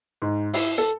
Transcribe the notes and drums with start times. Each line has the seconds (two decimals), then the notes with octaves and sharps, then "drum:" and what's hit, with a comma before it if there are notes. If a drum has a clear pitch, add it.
0.22 G#2
0.54 E4, drum: open hi-hat
0.78 A4